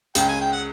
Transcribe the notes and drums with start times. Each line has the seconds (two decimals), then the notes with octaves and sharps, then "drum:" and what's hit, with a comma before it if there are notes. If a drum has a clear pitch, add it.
0.15 C#2 C#3 G5, drum: hi-hat
0.29 G#5
0.41 G5
0.52 F#5